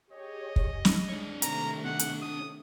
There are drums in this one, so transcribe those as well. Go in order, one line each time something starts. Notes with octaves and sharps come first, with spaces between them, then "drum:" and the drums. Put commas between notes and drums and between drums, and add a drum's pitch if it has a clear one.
G4 G#4 C#5 D#5
drum: kick
drum: snare
G#3 D4 C#5
C3 D#3 A3 A#5, drum: hi-hat
F#5
drum: hi-hat
D#6